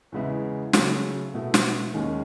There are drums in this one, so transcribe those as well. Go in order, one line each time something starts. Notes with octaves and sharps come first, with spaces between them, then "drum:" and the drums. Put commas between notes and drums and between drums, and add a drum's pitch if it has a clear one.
E2 C#3 G#3 B3 E4
C#3 F#3 A3, drum: snare
B2 A3 E4
drum: snare
D#2 D#3 G#3 C#4